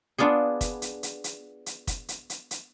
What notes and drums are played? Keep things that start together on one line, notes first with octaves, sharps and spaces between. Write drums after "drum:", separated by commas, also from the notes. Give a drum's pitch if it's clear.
B3 D4 F4 G#4
drum: kick, hi-hat
drum: hi-hat
drum: hi-hat
drum: hi-hat
drum: hi-hat
drum: kick, hi-hat
drum: hi-hat
drum: hi-hat
drum: hi-hat